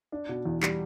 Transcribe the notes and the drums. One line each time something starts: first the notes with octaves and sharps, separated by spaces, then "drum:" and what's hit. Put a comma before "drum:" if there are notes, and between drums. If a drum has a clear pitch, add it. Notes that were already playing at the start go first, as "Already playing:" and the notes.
D4
B2
E2
G3, drum: clap